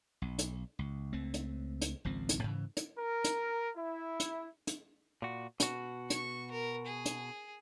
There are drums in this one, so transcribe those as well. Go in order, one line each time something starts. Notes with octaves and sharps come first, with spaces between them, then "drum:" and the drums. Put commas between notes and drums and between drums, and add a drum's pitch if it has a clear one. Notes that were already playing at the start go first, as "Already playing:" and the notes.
B1
drum: hi-hat
C#2
C#2 A3 C4
drum: hi-hat
drum: hi-hat
G#1 C#2 F3 C4
drum: hi-hat
G#2 C#3 E3
drum: hi-hat
A#4
drum: hi-hat
E4
drum: hi-hat
drum: hi-hat
A#2 F#4
B2 F#4, drum: hi-hat
C#6, drum: hi-hat
A#4
G#4
drum: hi-hat